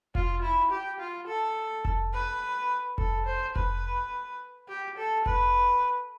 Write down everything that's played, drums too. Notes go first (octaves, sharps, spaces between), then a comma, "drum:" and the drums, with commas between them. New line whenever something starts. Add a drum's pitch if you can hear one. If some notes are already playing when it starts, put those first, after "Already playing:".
F4, drum: kick F1
E4
G4
F4
A4
drum: kick F1
B4
A4, drum: kick F1
C5
B4, drum: kick F1
G4
A4
B4, drum: kick F1